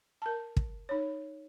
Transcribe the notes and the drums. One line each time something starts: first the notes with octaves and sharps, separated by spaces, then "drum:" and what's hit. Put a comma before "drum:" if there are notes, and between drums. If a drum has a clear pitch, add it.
A#4 A5
drum: kick
D#4 C#5